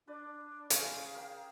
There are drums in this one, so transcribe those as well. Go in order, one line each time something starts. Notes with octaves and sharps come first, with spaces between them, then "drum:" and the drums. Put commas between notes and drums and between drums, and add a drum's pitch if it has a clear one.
D4 B4 D5
C#3 G#4 C5 F5, drum: hi-hat
A#4 F5 G5